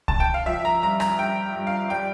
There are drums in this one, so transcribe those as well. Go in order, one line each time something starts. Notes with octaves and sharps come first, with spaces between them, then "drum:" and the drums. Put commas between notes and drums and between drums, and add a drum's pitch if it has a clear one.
A5, drum: kick C2
G5
F5
F3 E5
A#5
G2 A#5
A#5, drum: rim click
G2 G5
G2
F5
G3 G5